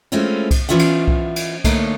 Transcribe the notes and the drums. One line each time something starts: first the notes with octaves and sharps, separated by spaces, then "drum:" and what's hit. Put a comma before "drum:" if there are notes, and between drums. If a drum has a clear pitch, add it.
G#3 A3 C4 C#4 E4 F4
drum: kick C2, cymbal
E3 G#3 C#4 F4 E5 F#5
drum: cymbal
drum: kick C2
drum: cymbal
D3 A3 A#3 D#4 A#4 C#5, drum: kick C2, cymbal